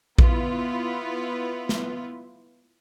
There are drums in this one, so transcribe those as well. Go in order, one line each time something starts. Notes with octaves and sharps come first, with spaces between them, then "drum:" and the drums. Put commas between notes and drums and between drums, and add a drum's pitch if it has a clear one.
B3 E4 F4 B4, drum: kick A#1
drum: snare